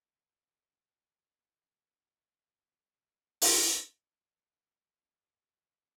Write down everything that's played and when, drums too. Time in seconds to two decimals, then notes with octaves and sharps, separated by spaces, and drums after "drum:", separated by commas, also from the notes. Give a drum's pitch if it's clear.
0.20 F#4 A4 C#5 G5 G#5
2.51 F#3 D4 G4 D5 B6
3.42 drum: open hi-hat
4.74 G#4